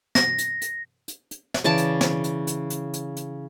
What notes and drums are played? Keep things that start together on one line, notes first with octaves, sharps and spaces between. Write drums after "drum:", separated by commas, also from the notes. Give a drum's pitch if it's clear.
A#6, drum: snare
drum: hi-hat
drum: hi-hat
drum: hi-hat
drum: hi-hat
drum: snare
C#3 E3 D5 A5
drum: hi-hat
drum: snare
drum: hi-hat
drum: hi-hat
drum: hi-hat
drum: hi-hat
drum: hi-hat